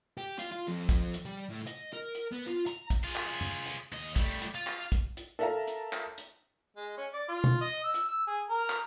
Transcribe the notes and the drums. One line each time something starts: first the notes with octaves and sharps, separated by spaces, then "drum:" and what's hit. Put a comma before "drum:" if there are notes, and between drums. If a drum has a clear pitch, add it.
G4
F4, drum: hi-hat
F4
F2
drum: kick, hi-hat
drum: hi-hat
G3
A2
D#5, drum: hi-hat
A#4
drum: hi-hat
B3
F4
A#5, drum: hi-hat
drum: kick, hi-hat
F4 G#4
drum: clap
drum: tom
drum: hi-hat
D#2 D#5
G3 A3, drum: kick, hi-hat
drum: hi-hat
F4
drum: clap
drum: kick, hi-hat
drum: hi-hat
A4 A#4 E5 F5 A5 A#5
drum: hi-hat
drum: clap
drum: hi-hat
G#3
C#4
D5
F4
drum: tom
D#5
E6
drum: hi-hat
E6
G#4
A#4
drum: clap